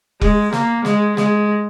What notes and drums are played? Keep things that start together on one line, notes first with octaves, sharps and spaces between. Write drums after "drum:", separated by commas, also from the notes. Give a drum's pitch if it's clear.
G#3, drum: kick F1
A#3, drum: snare
G#3, drum: snare
G#3, drum: snare